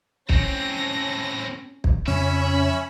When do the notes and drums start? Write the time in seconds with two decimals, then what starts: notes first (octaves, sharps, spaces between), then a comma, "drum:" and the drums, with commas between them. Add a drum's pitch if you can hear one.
0.29 A2 C4 C#4 A#6, drum: kick
1.84 drum: kick
2.07 F2 C#3 C#4 E5 B5